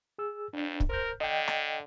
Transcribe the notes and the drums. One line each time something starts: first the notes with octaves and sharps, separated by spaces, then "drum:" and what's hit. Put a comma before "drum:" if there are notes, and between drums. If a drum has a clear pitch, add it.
G#4 E6
F2 D4
drum: kick
A#4 C5 F6 G6
D3 D#5 G5
drum: rim click